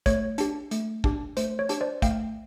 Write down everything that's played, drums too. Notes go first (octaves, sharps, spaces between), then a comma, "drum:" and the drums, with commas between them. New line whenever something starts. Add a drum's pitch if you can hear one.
A3 C#5, drum: kick, hi-hat
D4 G4, drum: hi-hat
A3, drum: hi-hat
D4 G4, drum: kick
A3 C5, drum: hi-hat
C#5
D4 G4, drum: hi-hat
C5 D5
A3 F5 G5, drum: kick, hi-hat